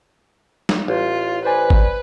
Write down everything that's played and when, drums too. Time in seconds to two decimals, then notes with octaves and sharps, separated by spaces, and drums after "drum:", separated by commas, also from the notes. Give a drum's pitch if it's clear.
0.69 drum: snare
0.88 A1 F4
1.45 B4 C5 D5 G#5
1.70 drum: kick G#1